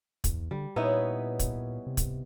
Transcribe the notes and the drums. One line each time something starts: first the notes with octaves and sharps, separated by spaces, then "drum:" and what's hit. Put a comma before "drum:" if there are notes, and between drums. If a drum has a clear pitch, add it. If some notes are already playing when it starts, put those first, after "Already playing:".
E2, drum: kick, hi-hat
D3 G3
A#2 B3 C#4 D#4 E4 B4 C#5
drum: kick, hi-hat
C3
drum: kick, hi-hat